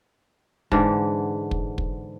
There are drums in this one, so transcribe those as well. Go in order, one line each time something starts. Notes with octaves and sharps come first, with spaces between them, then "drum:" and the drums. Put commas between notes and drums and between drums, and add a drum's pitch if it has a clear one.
G#2 D3 E3, drum: kick
drum: kick
drum: kick